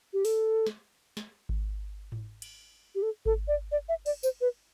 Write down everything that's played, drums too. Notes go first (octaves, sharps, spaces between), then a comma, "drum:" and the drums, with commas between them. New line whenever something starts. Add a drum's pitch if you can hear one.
G4
A4, drum: open hi-hat
drum: snare
drum: snare
drum: kick G#1
drum: tom G#2
drum: cymbal
G4
A4
A4, drum: kick G#1
D5
D5
E5
D5, drum: cymbal
C5, drum: tambourine
B4